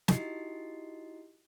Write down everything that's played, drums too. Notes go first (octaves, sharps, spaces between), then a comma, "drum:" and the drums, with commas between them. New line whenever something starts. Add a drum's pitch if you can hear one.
D#4 E4 F#4 G4 D#5 C7, drum: snare